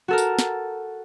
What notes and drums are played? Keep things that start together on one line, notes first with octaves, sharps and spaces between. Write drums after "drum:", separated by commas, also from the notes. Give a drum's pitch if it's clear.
F#4 A4 A#4
drum: tambourine
drum: snare